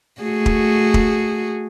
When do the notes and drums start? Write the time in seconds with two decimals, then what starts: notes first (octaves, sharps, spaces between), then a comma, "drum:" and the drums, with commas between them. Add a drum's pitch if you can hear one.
0.22 A3 F#4 G#4
0.46 drum: kick
0.94 drum: kick